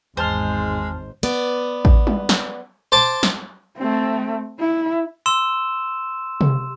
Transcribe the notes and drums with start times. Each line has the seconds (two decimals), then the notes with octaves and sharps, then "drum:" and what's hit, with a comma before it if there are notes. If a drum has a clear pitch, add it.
0.17 G#1 E2 G#2 G#3 C5 A5 F6
1.23 B3 D5, drum: hi-hat
1.85 drum: kick A1
2.07 drum: tom G3
2.29 drum: snare
2.92 C5 A5 D6
3.23 drum: snare
3.78 A3 C4
4.60 E4
5.26 C6 E6 E7
6.41 drum: tom C3